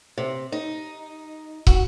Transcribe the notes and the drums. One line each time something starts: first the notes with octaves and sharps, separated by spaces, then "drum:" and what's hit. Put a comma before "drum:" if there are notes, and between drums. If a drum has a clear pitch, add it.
C3
D#4
F#4, drum: kick